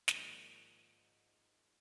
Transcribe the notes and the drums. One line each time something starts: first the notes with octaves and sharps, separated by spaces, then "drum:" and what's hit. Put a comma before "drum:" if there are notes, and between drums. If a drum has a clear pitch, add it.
G#2 D#3 F3 A#3 D4 D#4, drum: snare